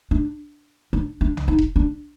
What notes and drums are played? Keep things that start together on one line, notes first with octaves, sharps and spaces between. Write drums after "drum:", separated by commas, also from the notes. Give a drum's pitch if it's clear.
D4
D4
D4
drum: tom B1
D#4
drum: kick E1
D4